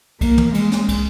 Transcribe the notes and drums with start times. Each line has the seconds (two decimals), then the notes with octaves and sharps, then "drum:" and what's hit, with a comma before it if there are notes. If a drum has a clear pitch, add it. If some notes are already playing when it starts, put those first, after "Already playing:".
0.21 A#3, drum: kick, cymbal
0.38 drum: tom
0.54 G#3, drum: cymbal
0.72 drum: snare
0.89 drum: kick, cymbal